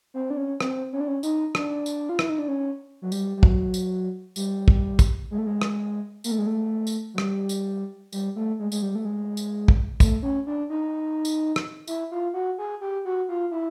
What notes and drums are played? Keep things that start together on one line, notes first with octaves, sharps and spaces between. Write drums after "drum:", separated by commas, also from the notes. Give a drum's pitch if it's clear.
C4
D4
C#4
C4, drum: rim click
C#4
D4
C#4
D#4, drum: tambourine
D4, drum: rim click
drum: tambourine
F4
E4, drum: rim click
D#4
D4
C#4
F#3
G3, drum: tambourine
G3
F#3, drum: kick
drum: tambourine
G3, drum: tambourine
drum: kick
drum: kick, tambourine
G#3
A3
G#3
drum: rim click
A#3, drum: tambourine
A3
G#3
A3
drum: tambourine
F#3
G3, drum: rim click
drum: tambourine
G3, drum: tambourine
A3
G#3
G#3, drum: tambourine
G3
A3
G#3
drum: tambourine
drum: kick
A3, drum: kick, tambourine
C#4
D4
D#4
drum: tambourine
drum: rim click
E4, drum: tambourine
F4
F#4
G#4
G4
F#4
F4
E4